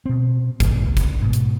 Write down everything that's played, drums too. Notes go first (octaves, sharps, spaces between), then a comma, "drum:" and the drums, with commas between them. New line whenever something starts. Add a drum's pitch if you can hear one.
B2 C4
G2 A#2 D#3, drum: kick G#1, hi-hat
C#2
drum: kick G#1, hi-hat
G#2 B2
drum: hi-hat